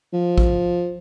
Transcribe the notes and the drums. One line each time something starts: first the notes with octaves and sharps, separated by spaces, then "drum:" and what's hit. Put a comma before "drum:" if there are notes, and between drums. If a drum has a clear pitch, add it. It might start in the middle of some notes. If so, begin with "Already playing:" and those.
F3
drum: kick A1